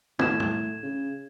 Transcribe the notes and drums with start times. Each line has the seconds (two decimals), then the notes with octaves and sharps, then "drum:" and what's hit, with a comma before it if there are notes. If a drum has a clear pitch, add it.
0.19 A2 G#6 E7, drum: tom
0.40 drum: tom
0.83 C#3